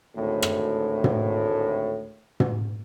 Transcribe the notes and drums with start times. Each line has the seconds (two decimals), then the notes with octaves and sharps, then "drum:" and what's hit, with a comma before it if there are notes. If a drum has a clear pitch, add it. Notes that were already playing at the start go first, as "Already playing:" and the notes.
0.16 G#1 D2 A2
0.43 drum: rim click
1.04 drum: tom
2.40 drum: tom